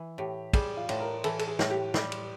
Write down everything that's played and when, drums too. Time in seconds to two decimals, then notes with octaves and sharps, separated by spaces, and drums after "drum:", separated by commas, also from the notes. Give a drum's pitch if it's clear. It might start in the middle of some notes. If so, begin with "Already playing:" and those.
Already playing: E3
0.18 A2 G4
0.53 G3 G#4, drum: kick, cymbal
0.77 F4
0.89 A2, drum: cymbal
1.00 A#4
1.24 E3 A4, drum: cymbal
1.39 A4, drum: cymbal
1.48 G#4
1.59 A2, drum: snare
1.70 G4
1.94 G3, drum: snare
2.12 drum: cymbal